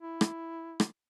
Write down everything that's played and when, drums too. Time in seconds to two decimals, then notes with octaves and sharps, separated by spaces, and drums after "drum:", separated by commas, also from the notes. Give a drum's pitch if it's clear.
0.02 E4
0.21 drum: rim click
0.80 drum: rim click